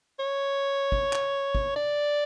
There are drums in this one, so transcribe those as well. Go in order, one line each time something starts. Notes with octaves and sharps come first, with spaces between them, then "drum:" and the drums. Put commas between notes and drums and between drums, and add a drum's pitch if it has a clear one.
C#5
drum: kick
drum: clap
drum: kick
D5